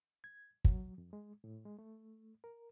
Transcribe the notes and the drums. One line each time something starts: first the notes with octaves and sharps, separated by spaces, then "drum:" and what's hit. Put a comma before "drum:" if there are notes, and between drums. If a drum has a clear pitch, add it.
G#6
F#3, drum: kick
F2
G#3
A2
G#3
A3
A#4